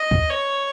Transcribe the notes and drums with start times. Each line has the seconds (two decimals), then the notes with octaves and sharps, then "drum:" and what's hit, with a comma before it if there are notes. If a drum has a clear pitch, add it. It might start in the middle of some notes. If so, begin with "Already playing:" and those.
Already playing: D#5
0.11 drum: kick
0.30 C#5